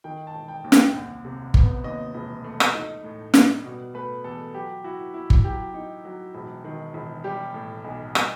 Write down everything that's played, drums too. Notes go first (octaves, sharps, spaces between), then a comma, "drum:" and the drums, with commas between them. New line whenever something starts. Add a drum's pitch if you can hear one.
D#3 G5
A5
E1
G5
D#2
G5, drum: snare
C2
C3
B3, drum: kick G1
D#2 D#5
E1
A3
drum: rim click
D#4
A2
G3, drum: snare
B2
A3 B4
E2 A4
F#3 G4
E4 F#4
E4
drum: kick G1
F#3 G4
D#4
F#3
E1
D#3
E1
G3 G4
A2
B1
G3, drum: rim click